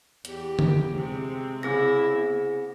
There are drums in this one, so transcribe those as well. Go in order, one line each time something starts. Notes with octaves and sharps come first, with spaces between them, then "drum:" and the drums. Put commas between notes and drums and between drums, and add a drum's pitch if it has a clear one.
E2 G4, drum: hi-hat
drum: tom D3
C3 G#3 C4
C#3 C4 E4 G#4 A#6
B3